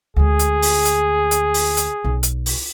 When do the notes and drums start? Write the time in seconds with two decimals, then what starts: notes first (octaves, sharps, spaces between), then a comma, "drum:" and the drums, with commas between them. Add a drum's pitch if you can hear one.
0.16 D2 G#3 G#4
0.39 drum: hi-hat
0.62 drum: open hi-hat
0.85 drum: hi-hat
1.31 drum: hi-hat
1.54 drum: open hi-hat
1.77 drum: hi-hat
2.05 B1
2.23 drum: hi-hat
2.46 drum: open hi-hat